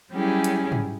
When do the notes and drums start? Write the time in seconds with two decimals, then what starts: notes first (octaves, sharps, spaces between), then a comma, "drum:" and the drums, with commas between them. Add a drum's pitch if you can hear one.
0.11 F#3 G3 C#4 E4 G4 G#4
0.44 drum: hi-hat
0.72 drum: tom G#2